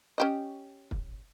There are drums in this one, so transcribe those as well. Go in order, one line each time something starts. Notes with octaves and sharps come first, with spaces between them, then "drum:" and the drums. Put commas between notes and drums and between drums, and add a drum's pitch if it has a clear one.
C#4 G4 D#5
drum: kick